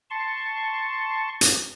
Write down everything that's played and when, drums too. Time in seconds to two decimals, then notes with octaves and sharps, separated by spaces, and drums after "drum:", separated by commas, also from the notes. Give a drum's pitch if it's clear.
0.10 A5 C6 C#6
1.41 drum: hi-hat